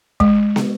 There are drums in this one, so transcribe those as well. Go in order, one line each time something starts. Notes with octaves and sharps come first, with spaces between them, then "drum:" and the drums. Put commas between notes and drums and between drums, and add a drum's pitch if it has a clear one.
G#3, drum: kick
drum: snare